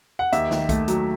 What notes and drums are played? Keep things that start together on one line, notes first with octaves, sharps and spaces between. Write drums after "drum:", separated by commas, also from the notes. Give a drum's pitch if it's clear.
F#5
D#2 E5, drum: hi-hat
D#3, drum: snare
A3, drum: kick B1, hi-hat
F#3, drum: hi-hat